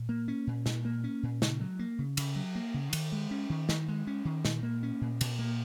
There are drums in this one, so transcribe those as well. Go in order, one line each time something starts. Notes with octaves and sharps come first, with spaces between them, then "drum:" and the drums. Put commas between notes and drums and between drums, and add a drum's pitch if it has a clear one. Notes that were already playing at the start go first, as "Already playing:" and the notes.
Already playing: A#2
A#3
C#4
A#2
A#2, drum: snare
A#3
C#4
A#2
C#3, drum: snare
F#3
A#3
C#3
C#3, drum: cymbal
F#3
A#3
C#3
D#3, drum: cymbal
G#3
C#4
D#3
D#3, drum: snare
G#3
C#4
D#3
A#2, drum: snare
A#3
C#4
A#2
A#2, drum: cymbal
A#3